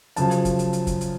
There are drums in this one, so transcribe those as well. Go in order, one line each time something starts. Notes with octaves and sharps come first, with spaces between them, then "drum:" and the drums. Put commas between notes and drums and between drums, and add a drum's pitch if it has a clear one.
F#2 C#3 F3 A5, drum: hi-hat
drum: hi-hat
drum: kick, hi-hat
drum: hi-hat
drum: hi-hat
drum: kick, hi-hat
drum: hi-hat